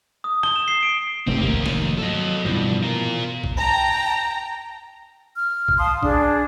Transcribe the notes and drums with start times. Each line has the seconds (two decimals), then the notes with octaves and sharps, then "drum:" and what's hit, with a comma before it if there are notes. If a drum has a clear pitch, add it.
0.24 D#6
0.43 G7, drum: rim click
0.56 E7
0.68 C7
0.83 D7
1.27 F1 G#2 A3 C4 G4
1.41 D#3 A#3, drum: kick
1.66 drum: snare
1.98 F#3 A4 D#5
2.45 G2 B2 E3 F3
2.83 F4 A#4
3.44 drum: kick
3.59 G5 A5 A#5
5.36 F6
5.68 drum: kick
5.78 F5 A5 C6 D#6
6.03 D4 G#4, drum: kick